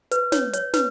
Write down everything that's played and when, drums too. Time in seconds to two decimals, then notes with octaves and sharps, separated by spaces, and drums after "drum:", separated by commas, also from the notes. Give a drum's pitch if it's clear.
0.11 B4, drum: hi-hat
0.32 C#5, drum: snare
0.53 C#5, drum: hi-hat
0.74 B4, drum: snare